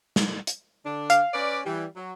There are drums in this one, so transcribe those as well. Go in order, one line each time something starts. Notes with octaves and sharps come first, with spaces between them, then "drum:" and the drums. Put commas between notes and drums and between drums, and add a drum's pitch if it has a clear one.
drum: snare
drum: hi-hat
D3 D4
F5, drum: hi-hat
C#4 B4 D5
E3 G3
F#3